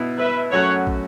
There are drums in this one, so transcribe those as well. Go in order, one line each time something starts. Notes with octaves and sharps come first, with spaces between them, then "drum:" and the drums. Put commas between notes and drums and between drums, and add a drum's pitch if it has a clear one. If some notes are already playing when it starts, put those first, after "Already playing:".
Already playing: B2 B3 E4
B4 E5
F#2 F#3 A3 C#4 F#4 C#5 F#5
drum: kick